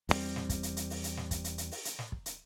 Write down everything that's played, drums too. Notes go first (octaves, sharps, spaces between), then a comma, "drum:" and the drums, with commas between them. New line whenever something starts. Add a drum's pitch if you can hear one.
E2 G2 G3 C4, drum: open hi-hat
drum: snare
drum: kick, hi-hat
drum: hi-hat
drum: hi-hat
drum: open hi-hat
drum: hi-hat
drum: snare
drum: kick, hi-hat
drum: hi-hat
drum: hi-hat
drum: open hi-hat
drum: hi-hat
drum: snare
drum: kick
drum: hi-hat